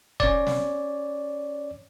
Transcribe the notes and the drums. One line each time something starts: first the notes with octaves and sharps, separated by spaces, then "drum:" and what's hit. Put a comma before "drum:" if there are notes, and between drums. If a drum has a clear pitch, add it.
C#4 C#5 D5, drum: kick E1
drum: snare